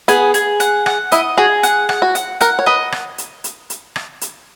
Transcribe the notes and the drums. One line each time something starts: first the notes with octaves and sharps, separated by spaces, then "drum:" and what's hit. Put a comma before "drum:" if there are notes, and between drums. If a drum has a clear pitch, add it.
B3 G#4, drum: hi-hat
G#4, drum: hi-hat
F#5, drum: hi-hat
F#5, drum: rim click
E4 D#5, drum: hi-hat
F#4 G#4
F#5, drum: hi-hat
F#5, drum: rim click
F#4
F#5, drum: hi-hat
A#4 F#5, drum: hi-hat
C#5
B4 D#5
drum: rim click
drum: hi-hat
drum: hi-hat
drum: hi-hat
drum: rim click
drum: hi-hat